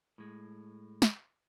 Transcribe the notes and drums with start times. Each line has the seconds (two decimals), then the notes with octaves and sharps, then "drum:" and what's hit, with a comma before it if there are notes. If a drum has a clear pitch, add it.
0.18 A2 G#3
1.02 drum: snare